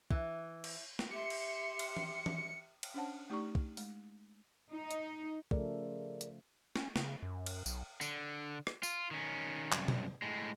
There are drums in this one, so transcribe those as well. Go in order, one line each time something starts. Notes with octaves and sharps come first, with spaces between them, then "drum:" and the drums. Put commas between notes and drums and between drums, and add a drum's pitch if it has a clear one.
E3, drum: kick
drum: cymbal
drum: snare
G4 E5 C6 C#7
drum: cymbal
drum: cymbal
drum: tom
drum: tom
drum: cymbal
C#4 D4 C5 C#5 F#5 A5
A3 D#4 G4 D5 A#5 C#6
drum: kick
G#3, drum: open hi-hat
D#4
drum: hi-hat
C#3 F3 A3 G#4 A#4 D5, drum: kick
drum: hi-hat
C#4, drum: snare
C#3, drum: snare
F#2
drum: cymbal
B1, drum: tambourine
D3, drum: tambourine
drum: rim click
F4, drum: tambourine
D#3 C#4
C2 F#2, drum: clap
drum: tom B2
A2 G#3